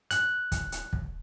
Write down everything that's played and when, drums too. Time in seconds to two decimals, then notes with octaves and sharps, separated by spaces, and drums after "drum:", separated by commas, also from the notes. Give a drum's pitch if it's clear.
0.11 F#6, drum: hi-hat
0.52 drum: kick, hi-hat
0.72 drum: hi-hat
0.93 drum: kick